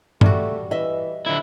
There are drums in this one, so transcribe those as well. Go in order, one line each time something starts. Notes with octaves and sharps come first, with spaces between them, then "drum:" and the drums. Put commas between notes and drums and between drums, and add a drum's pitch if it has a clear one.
G3 A3 F#4, drum: tom G2
E3 D#5 E5
F2 D3 E4